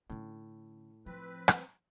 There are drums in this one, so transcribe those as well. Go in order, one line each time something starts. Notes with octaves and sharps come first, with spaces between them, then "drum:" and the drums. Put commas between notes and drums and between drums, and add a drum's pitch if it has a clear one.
A2 D3 C#4
F3 C4 B4
drum: rim click